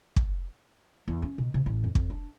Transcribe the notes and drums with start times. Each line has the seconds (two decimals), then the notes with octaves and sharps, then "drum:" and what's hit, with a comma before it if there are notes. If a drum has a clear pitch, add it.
0.16 drum: kick
1.08 E2
1.22 C#4
1.38 B2
1.54 C3
1.66 A1
1.84 F2
1.95 F2, drum: kick
2.10 D4